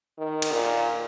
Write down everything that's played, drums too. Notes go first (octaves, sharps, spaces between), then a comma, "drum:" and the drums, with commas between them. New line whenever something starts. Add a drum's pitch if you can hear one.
D#3
drum: cymbal
A#2